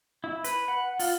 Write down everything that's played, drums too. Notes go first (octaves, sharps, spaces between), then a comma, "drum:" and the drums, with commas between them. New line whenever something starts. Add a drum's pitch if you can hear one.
E4
B4, drum: hi-hat
F#5
F4, drum: open hi-hat